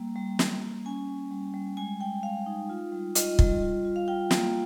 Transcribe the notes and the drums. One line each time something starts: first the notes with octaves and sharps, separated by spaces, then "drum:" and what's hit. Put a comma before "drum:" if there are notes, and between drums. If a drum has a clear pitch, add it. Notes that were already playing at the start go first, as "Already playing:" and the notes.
Already playing: G3 A#3
G3
A#3, drum: snare
G3
C#4 G#5
G3
G3
G3
G#3 G#5
G#3 G5
G#3 F5
D#4
F4
G3
F4 D#5, drum: hi-hat
G3, drum: kick
F4
F4
F5
F4 G5
A#3, drum: snare